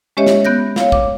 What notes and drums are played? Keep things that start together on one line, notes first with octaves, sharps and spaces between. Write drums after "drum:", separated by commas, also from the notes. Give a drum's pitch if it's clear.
G#3 C#4 G4 C#5 D#5 E5
drum: snare
B3 F#6 G6 A#6
C#5 F5, drum: snare
D6, drum: kick